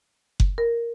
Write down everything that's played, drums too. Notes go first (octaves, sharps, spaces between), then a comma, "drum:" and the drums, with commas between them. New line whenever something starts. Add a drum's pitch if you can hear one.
drum: kick F#1
A#4